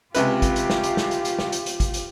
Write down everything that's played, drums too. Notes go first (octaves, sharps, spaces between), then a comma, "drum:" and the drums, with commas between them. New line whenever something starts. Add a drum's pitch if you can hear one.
C#2 C3 F4 G4 B4, drum: hi-hat
drum: kick, hi-hat
drum: hi-hat
drum: snare
drum: hi-hat
drum: snare
drum: hi-hat
drum: hi-hat
drum: snare
drum: hi-hat
drum: hi-hat
drum: kick, hi-hat
drum: hi-hat